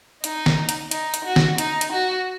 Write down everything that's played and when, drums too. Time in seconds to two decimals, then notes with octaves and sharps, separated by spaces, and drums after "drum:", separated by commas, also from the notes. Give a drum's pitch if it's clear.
0.24 D#4, drum: hi-hat
0.46 drum: snare
0.69 drum: hi-hat
0.91 D#4, drum: hi-hat
1.14 drum: hi-hat
1.25 F#4
1.36 drum: snare
1.58 D#4, drum: hi-hat
1.81 drum: hi-hat
1.93 F#4